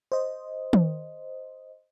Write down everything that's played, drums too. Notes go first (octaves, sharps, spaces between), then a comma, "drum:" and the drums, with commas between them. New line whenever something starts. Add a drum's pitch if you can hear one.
C5 D#5
drum: tom